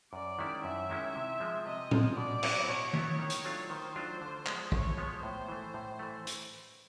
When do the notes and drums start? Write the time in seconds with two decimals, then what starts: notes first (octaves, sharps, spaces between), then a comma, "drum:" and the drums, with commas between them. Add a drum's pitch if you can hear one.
0.13 F#2 D5
0.39 D#3 G#3 C#4 E4
0.64 F#2 E5
0.90 D#3 G#3 C#4 E4
1.15 C3
1.40 F3 G#3
1.66 C3 D#5
1.91 F3 G#3, drum: tom A2
2.17 B2 D5
2.43 F#3 B3 E4, drum: cymbal
2.68 B2 C#5
2.93 F#3 B3 E4, drum: tom D#3
3.19 D#3
3.30 drum: hi-hat
3.45 F#3 A3 D4 F4
3.70 D#3 C5
3.96 F#3 A3 D4 F4
4.21 D3
4.46 F3 G#3 B3, drum: clap
4.72 D3 C#5, drum: kick
4.97 F3 G#3 B3
5.23 A2 C5
5.49 E3 A3
5.74 A2
5.99 E3 A3
6.27 drum: hi-hat